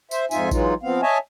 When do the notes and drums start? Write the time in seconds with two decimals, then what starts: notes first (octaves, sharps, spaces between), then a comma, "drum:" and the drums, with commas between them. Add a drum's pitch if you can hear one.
0.11 C5 E5, drum: tambourine
0.31 F2 G#2 D#4 F4 E5 G#5, drum: tambourine
0.51 E3 F#3 G#3 D#4 F4, drum: kick A1, tambourine
0.83 F3 B3 C4 F5
1.02 C#5 D#5 E5 G#5 A5